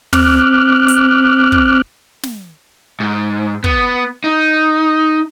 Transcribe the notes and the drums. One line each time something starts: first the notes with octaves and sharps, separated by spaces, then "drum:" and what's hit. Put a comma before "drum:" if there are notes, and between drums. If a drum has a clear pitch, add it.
C4 D6 F6 F#6, drum: tom
drum: hi-hat
drum: kick
drum: snare
G#2
B3, drum: kick
D#4